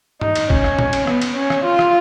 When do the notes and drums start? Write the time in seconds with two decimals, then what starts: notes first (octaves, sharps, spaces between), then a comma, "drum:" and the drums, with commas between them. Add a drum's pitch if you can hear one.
0.21 D#4, drum: tom G2
0.36 drum: cymbal
0.50 C#4, drum: kick A1
0.64 drum: rim click
0.79 drum: tom
0.93 drum: cymbal
1.07 B3, drum: rim click
1.22 drum: cymbal
1.36 C#4
1.50 drum: rim click
1.64 F4
1.79 drum: rim click